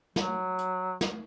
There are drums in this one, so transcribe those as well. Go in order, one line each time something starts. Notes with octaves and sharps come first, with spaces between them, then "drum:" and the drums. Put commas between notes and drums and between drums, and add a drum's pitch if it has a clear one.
F#3, drum: snare
drum: hi-hat
drum: snare